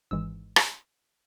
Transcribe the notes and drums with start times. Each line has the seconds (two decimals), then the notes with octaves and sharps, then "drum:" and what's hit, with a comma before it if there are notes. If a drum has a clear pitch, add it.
0.11 G#1 G#2 E3 G#3 E6
0.56 drum: rim click